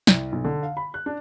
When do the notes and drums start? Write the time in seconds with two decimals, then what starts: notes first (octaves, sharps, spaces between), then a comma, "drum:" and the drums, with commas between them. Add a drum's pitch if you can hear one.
0.07 C2, drum: snare
0.32 B1
0.45 D3
0.63 F5
0.77 B5
0.94 F#6
1.06 D4